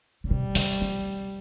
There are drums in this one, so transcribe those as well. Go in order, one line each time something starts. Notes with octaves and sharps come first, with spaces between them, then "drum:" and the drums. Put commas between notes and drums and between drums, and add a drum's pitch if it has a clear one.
C#3
C3 G3
C#3, drum: open hi-hat
F3